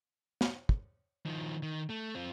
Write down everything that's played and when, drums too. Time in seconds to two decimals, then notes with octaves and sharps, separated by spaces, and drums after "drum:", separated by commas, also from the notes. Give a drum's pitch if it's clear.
0.41 drum: snare
0.69 drum: kick
1.26 D#3 F3
1.63 D#3
1.90 A3
2.15 C4 F4